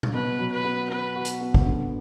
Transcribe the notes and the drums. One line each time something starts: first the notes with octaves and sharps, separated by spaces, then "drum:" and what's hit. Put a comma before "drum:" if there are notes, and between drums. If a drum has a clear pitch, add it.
drum: tom A#2
B2 B4
F#3
B4
B3
B3 B4
F#4
drum: hi-hat
B3
drum: kick
D3